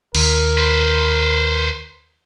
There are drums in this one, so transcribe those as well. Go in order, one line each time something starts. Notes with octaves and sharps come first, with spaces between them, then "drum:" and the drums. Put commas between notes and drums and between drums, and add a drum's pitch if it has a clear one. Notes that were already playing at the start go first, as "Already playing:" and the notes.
D#2 A#4, drum: cymbal
B4 C5